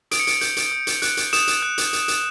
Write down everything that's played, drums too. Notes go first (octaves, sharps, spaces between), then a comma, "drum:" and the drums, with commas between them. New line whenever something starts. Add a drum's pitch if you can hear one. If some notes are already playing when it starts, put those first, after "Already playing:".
D#6 D7, drum: hi-hat
C#7
D7, drum: hi-hat
G6, drum: hi-hat
drum: hi-hat
D#6
drum: hi-hat
F#6, drum: hi-hat
drum: hi-hat
D#6 E7, drum: hi-hat
drum: hi-hat
F#6
drum: hi-hat
drum: hi-hat
drum: hi-hat